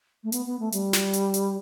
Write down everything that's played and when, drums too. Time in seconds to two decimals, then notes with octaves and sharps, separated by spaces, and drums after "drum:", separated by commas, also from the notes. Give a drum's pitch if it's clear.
0.23 A3
0.32 B3, drum: hi-hat
0.46 B3
0.59 A3
0.72 G3, drum: hi-hat
0.93 drum: snare
1.13 drum: hi-hat
1.34 drum: hi-hat